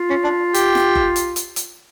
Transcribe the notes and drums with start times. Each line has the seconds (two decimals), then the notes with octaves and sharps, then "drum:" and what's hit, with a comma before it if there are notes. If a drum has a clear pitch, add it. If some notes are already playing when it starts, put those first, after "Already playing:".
Already playing: F4
0.10 C#4
0.24 D4
0.54 G4, drum: hi-hat
0.75 drum: snare
0.95 drum: kick F#1
1.16 drum: hi-hat
1.36 drum: hi-hat
1.56 drum: hi-hat